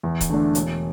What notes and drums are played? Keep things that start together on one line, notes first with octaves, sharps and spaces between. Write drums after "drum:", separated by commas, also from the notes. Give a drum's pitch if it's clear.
E2
drum: kick C#1, hi-hat
D3 A3 D4
E1, drum: hi-hat